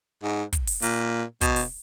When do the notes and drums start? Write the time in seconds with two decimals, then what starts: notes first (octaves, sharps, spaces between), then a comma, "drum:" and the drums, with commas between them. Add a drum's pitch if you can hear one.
0.23 G#2
0.53 drum: kick, hi-hat
0.67 drum: open hi-hat
0.82 A#2, drum: hi-hat
1.41 B2, drum: kick, hi-hat
1.56 drum: open hi-hat